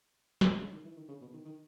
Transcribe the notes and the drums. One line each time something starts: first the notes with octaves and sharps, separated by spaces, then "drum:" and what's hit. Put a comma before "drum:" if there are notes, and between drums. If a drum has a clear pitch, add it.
drum: snare
C#3
D#3
E3
D#3
C#3
B2
D#3
D#3